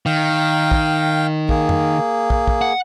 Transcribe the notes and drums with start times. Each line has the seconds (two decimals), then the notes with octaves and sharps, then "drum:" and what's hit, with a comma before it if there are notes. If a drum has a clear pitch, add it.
0.06 D#3 F5 G5
0.71 drum: kick
1.49 A#3 G#4, drum: kick
1.69 drum: tom F2
2.30 drum: kick
2.48 drum: kick
2.61 F#5